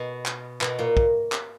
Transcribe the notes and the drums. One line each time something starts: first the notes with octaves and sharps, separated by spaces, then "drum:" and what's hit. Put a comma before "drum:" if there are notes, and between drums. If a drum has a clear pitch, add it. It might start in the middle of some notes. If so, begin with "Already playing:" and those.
Already playing: B2
drum: clap
B2, drum: clap
A#2
drum: kick
drum: clap